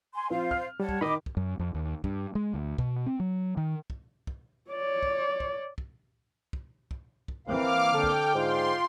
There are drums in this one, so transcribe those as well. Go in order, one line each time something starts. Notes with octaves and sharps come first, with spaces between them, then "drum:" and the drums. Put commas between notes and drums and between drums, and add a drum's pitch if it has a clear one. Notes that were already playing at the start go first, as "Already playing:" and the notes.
G#5 C6
F3 C4 F4 C5 F5
F6, drum: kick
G3 C#5 F#5 A5
drum: kick
D#3 D#4 D#5 B5 D6
drum: kick
F#2
F2
D#2
G2, drum: kick
G#3
D2
B2, drum: kick
C4
F#3
D#3
drum: kick
drum: kick
C#5 D5
drum: kick
drum: kick
drum: kick
drum: kick
drum: kick
drum: kick
E3 A#3 C4 F5 D6 F6
D3 A4 G5
drum: kick
G#2 F4 C6